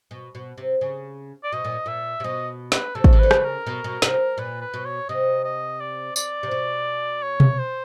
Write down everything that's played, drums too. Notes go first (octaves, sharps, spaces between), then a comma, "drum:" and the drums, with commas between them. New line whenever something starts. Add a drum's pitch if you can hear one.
B2
B2
C3
C#3
D5
B2 D#5
A#2
A#2 E5
C3
B2 D#5
B4, drum: snare
C3 A4
C#3, drum: kick
C3
D3 B4
C#3, drum: rim click
A#4
B2
B2
C3, drum: snare
A#2 B4
B4
B2
C#5
C3 D#5
D#5
D5
D5, drum: tambourine
C3
B2
C#5
drum: tom B2
C5